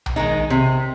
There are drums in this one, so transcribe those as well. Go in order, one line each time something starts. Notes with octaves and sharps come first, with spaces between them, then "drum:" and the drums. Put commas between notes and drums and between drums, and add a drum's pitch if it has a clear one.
drum: tom B1
D#3 G#3 D#4
C3